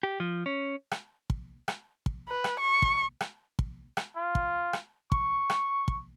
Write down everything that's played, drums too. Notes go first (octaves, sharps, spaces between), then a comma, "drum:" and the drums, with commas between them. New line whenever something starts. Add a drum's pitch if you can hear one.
G4
F3
C#4
drum: rim click
drum: kick
drum: rim click
drum: kick
B4
drum: rim click
C#6
drum: kick
drum: rim click
drum: kick
drum: rim click
F4
drum: kick
drum: rim click
C#6, drum: kick
drum: rim click
drum: kick